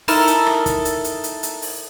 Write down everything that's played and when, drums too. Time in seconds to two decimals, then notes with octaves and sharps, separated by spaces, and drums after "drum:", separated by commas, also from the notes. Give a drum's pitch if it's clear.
0.08 D#4 E4 A4 A#4, drum: open hi-hat
0.27 drum: hi-hat
0.47 drum: rim click
0.66 drum: kick, hi-hat
0.85 drum: hi-hat
1.04 drum: hi-hat
1.24 drum: hi-hat
1.43 drum: hi-hat
1.62 drum: open hi-hat